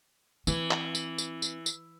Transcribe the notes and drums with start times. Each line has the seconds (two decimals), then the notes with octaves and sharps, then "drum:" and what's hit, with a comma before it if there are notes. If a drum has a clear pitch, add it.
0.47 E3 C4, drum: tambourine
0.71 drum: clap
0.95 drum: tambourine
1.18 drum: tambourine
1.42 drum: tambourine
1.66 drum: tambourine